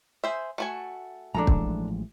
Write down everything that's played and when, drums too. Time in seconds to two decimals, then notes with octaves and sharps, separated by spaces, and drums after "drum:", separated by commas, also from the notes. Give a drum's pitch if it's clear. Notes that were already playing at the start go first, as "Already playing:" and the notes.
0.24 G#4 C5 E5
0.58 A3 F#4 G#5
1.34 A1 F3 G#3 D4 A4 A#5
1.47 drum: kick